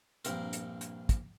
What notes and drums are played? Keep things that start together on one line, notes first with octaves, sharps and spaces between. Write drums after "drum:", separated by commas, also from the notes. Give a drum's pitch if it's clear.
A#1 G2 C4 A#4, drum: hi-hat
drum: hi-hat
drum: hi-hat
drum: kick, hi-hat